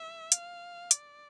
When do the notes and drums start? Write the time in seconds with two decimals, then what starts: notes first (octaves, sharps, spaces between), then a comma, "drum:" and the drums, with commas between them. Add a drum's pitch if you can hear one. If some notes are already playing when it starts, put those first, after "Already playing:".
Already playing: E5
0.32 F5, drum: hi-hat
0.91 D5, drum: hi-hat